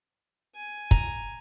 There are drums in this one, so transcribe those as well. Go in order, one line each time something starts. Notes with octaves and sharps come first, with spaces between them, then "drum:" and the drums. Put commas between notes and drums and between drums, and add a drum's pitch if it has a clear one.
G#5
A#5, drum: kick